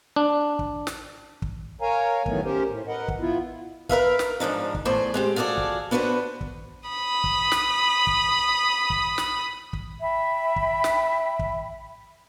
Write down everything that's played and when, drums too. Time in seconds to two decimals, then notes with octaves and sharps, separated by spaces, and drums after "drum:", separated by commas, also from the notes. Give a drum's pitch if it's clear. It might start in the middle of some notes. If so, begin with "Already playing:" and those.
0.16 D4
0.59 drum: kick
0.87 drum: snare
1.42 drum: kick
1.81 A#4 C#5 F5 G#5 A#5
2.26 A2 D#3 F#3 A3 B3 G#5, drum: kick
2.44 C#4 G4 A#4 C5
2.69 A2
2.88 A#4 B4 D#5 F#5
3.08 drum: kick
3.20 B3 E4 F4
3.89 A#4 B4 E5 F5, drum: kick
4.19 drum: snare
4.40 G#2 F3 D4 D#4
4.75 drum: kick
4.85 E2 A2 C5 D5 A5
5.14 G#3 C4 G4
5.36 F4 F#4 G#4 A4 D5
5.58 drum: kick
5.91 B3 D4 F#4 B4 C5
6.41 drum: kick
6.89 B5 D#6
7.24 drum: kick
7.52 drum: snare
8.07 drum: kick
8.90 drum: kick
9.18 drum: snare
9.73 drum: kick
10.01 E5 G5 B5
10.56 drum: kick
10.84 drum: snare
11.39 drum: kick